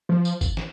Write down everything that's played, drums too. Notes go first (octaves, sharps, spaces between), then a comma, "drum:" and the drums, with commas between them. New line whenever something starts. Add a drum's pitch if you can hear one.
F3
drum: tambourine
drum: kick G#1, tambourine
drum: snare